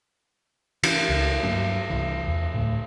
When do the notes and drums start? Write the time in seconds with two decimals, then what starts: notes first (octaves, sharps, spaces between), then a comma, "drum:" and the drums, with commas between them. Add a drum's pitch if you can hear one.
0.83 E3, drum: cymbal
1.09 C#2
1.43 G2 F#3 A#3 D4
1.90 C2 E3
2.27 E2
2.54 D2 A2